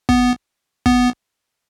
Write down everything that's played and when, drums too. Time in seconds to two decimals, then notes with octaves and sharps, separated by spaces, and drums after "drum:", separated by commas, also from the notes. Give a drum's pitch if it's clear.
0.09 B3, drum: kick
0.86 B3, drum: kick